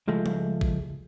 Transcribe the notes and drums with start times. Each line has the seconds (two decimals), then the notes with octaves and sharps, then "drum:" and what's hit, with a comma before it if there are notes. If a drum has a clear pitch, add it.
0.07 C#2 F3 G#3 A3
0.26 drum: tom G3
0.61 drum: kick A1